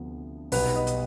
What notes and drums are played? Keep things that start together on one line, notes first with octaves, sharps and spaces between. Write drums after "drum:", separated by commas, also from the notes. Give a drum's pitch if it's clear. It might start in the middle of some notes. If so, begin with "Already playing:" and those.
Already playing: D2 C3 F3 B3
B1 B2 G3 B3 D#4 B4, drum: open hi-hat
D#5
drum: hi-hat